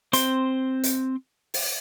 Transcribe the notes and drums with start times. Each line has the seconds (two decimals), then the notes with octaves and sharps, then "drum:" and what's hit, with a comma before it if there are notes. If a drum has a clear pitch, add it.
0.13 C4 C5 C6, drum: hi-hat
0.83 drum: hi-hat
1.54 drum: open hi-hat